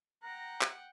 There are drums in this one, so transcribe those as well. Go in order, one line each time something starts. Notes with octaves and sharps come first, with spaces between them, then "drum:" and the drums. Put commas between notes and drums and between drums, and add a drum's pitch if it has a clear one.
F#5 G5 A#5
drum: clap